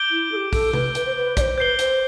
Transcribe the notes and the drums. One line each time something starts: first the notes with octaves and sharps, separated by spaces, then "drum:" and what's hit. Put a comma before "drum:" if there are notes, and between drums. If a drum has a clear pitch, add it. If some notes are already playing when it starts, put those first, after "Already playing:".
Already playing: D6 G6 D7 G7
E4
A4
G4
A4, drum: kick, open hi-hat
B4, drum: tom C3
B4, drum: hi-hat
C5
B4
D5, drum: kick, hi-hat
C5
B4 C5 G6 C7 G7
C5, drum: hi-hat